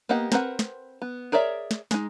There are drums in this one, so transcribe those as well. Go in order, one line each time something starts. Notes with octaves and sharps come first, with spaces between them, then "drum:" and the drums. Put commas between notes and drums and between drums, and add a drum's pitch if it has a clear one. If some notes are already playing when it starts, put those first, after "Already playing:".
A#3 B3 G4 D#5 F#5
C4 A#4 B4 F#5, drum: snare
drum: snare
B3
G#4 A#4 C#5 D5 E5
drum: snare
G#3 D#4, drum: snare